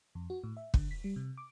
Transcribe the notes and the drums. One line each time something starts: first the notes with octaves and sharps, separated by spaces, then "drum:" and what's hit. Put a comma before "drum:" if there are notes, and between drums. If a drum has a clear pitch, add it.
F2
F#4
A2
E5
D3, drum: kick
B6
G3
C3
D6